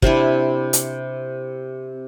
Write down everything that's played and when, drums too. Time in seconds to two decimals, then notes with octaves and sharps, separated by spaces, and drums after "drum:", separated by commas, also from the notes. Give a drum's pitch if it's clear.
0.02 C3 C4 D4 E4, drum: kick
0.73 drum: hi-hat